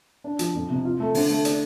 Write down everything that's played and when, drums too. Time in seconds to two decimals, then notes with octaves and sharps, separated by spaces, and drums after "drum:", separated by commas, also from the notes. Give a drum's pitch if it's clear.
0.24 D4
0.39 F3, drum: hi-hat
0.54 F2
0.70 C3
0.85 F4
1.00 A3
1.15 D3, drum: open hi-hat
1.30 A3
1.45 D4, drum: hi-hat